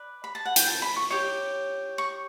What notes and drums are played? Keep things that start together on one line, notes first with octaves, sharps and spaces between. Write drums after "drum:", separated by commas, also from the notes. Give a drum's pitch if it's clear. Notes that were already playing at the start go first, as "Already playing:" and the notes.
Already playing: B4 D5
B5
A5
F#5
G5, drum: hi-hat
A5
B5
C#6
G4 C#5 D6
C#6